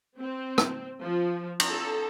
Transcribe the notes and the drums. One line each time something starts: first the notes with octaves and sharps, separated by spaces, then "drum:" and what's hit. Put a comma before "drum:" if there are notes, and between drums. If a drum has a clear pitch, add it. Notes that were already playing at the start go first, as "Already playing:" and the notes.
C4
drum: rim click
F3
drum: cymbal
A4